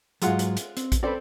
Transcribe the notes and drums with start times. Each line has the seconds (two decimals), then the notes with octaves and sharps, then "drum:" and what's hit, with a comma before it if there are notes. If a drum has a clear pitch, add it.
0.22 G#2 F#3 G#3 F4 F#5, drum: hi-hat
0.39 drum: hi-hat
0.57 drum: hi-hat
0.77 C4, drum: hi-hat
0.92 drum: kick A#1, hi-hat
1.03 C4 F#4 A4 B4 D5